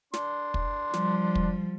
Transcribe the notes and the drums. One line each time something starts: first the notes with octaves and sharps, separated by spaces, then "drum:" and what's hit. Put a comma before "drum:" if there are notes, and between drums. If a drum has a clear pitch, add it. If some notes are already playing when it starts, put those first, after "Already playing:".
D4 C6, drum: snare
drum: kick
F3 G3, drum: snare
drum: kick